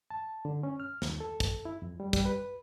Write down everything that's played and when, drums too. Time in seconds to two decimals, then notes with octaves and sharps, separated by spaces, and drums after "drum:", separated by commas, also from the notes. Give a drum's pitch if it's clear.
0.10 A5
0.45 D3
0.63 C#4
0.80 F6
1.02 D#2, drum: snare
1.20 A4
1.40 drum: kick, hi-hat
1.65 E4
1.82 F2
2.00 G3
2.13 G3, drum: kick, hi-hat
2.25 B4